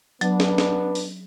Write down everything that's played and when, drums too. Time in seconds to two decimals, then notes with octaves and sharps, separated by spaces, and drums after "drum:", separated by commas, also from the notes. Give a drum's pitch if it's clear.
0.21 F#3 B3 D4, drum: hi-hat
0.40 drum: snare
0.58 drum: snare
0.95 drum: open hi-hat